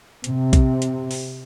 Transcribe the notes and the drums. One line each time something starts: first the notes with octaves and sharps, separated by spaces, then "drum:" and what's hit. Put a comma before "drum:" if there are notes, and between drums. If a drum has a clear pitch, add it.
C3, drum: hi-hat
drum: kick A#1, hi-hat
drum: hi-hat
drum: open hi-hat